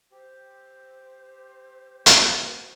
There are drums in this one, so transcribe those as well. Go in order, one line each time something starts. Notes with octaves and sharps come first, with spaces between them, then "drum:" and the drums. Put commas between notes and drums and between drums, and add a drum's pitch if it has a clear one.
G4 C5
A#3 F#4, drum: hi-hat